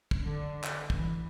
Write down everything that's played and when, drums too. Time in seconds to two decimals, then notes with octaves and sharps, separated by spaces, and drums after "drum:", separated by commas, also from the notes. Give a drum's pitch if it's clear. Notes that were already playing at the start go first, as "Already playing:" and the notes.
0.11 drum: kick
0.23 D3
0.64 drum: clap
0.90 E3, drum: kick